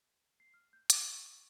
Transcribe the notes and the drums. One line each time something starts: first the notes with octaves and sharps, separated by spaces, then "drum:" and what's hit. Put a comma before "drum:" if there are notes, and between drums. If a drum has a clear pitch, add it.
C7
F6
G6
D6, drum: hi-hat
C#6